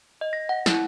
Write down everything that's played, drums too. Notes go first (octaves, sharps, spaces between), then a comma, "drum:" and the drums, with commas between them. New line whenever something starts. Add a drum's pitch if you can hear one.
D#5
A#6
F#5
E4, drum: snare